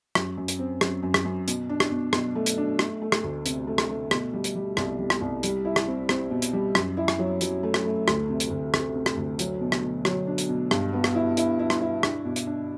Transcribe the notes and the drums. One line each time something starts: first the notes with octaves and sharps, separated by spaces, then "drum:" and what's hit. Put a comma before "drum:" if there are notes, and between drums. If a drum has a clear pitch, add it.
F#2, drum: rim click
F#2
drum: hi-hat
C4
F#2, drum: rim click
F#2
drum: rim click
F#2
B2, drum: hi-hat
D4
drum: rim click
B2
B2, drum: rim click
A3
drum: hi-hat
D4
A3, drum: rim click
A3
drum: rim click
D2
C3, drum: hi-hat
A3
drum: rim click
A3
B2, drum: rim click
G3
drum: hi-hat
G3
C2, drum: rim click
G3
drum: rim click
C2
G3, drum: hi-hat
E4
drum: rim click
C4
C4, drum: rim click
B2
drum: hi-hat
G3
F#2, drum: rim click
E4
drum: rim click
F#3
F#3, drum: hi-hat
A3
drum: rim click
A3
D2, drum: rim click
C3
drum: hi-hat
D2
C3, drum: rim click
C3
drum: rim click
D2
F#3, drum: hi-hat
B2
drum: rim click
B2
F#3, drum: rim click
D4
drum: hi-hat
B2
G2, drum: rim click
B3
drum: rim click
E4
E4, drum: hi-hat
E4
drum: rim click
E4
D4, drum: rim click
B2
drum: hi-hat
D4